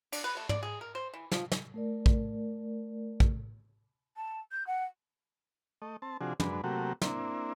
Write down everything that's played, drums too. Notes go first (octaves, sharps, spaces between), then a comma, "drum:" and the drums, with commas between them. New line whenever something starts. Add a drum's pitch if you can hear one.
D4, drum: cymbal
B4
A3
D5, drum: tom
G#4
A#4
C5
E3
F3, drum: snare
drum: snare
A3 A#4 D5
drum: kick
drum: kick
A5
G6
F#5
A3 D#5
C4 A5
C3 F3 D4 F#4 G#4
F#2 G#3 D4 B4, drum: tom
C3 F#3 A3 A#3 F#4 G4
A#3 C4 D4 E4, drum: snare